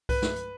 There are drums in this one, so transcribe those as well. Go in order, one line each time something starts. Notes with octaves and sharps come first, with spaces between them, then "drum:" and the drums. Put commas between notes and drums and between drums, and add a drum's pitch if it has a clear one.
B4, drum: kick C2, open hi-hat
drum: snare
drum: hi-hat